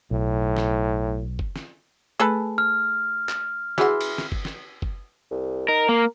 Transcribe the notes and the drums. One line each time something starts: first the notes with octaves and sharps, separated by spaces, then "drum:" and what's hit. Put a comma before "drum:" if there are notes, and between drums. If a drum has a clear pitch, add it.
B1 A2
drum: snare
drum: kick F#1
drum: snare
A3 G#4 A4 B4
F6
drum: clap
E3 F#4 G#4 F#5 C6, drum: snare
drum: cymbal
drum: snare
drum: kick F#1
drum: snare
drum: kick F#1
C2
D#4 A#4
A#3 A#4